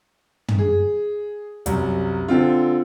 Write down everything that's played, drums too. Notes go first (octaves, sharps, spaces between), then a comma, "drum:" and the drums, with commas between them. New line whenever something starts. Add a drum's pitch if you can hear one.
drum: tom
G#4
C2 F#2, drum: hi-hat
D3 C4 F4